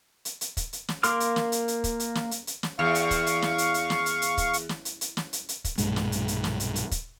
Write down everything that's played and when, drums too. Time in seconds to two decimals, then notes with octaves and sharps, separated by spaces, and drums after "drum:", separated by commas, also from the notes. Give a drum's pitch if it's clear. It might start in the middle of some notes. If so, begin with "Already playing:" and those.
0.25 drum: hi-hat
0.41 drum: hi-hat
0.57 drum: kick, hi-hat
0.73 drum: hi-hat
0.89 drum: snare
1.03 A#3 A#4 C6 D6 F6, drum: hi-hat
1.20 drum: hi-hat
1.36 drum: snare
1.52 drum: hi-hat
1.68 drum: hi-hat
1.84 drum: kick, hi-hat
2.00 drum: hi-hat
2.15 drum: snare
2.31 drum: hi-hat
2.47 drum: hi-hat
2.63 drum: snare
2.79 E2 F5 C#6
2.95 drum: hi-hat
3.11 drum: kick, hi-hat
3.26 drum: hi-hat
3.42 drum: snare
3.58 drum: hi-hat
3.74 drum: hi-hat
3.90 drum: snare
4.06 drum: hi-hat
4.22 drum: hi-hat
4.38 drum: kick, hi-hat
4.53 drum: hi-hat
4.69 drum: snare
4.85 drum: hi-hat
5.01 drum: hi-hat
5.17 drum: snare
5.33 drum: hi-hat
5.49 drum: hi-hat
5.64 drum: kick, hi-hat
5.78 B1 G2 A#2 G#3, drum: hi-hat
5.96 drum: snare
6.12 drum: hi-hat
6.28 drum: hi-hat
6.44 drum: snare
6.60 drum: hi-hat
6.76 drum: hi-hat
6.91 drum: kick, hi-hat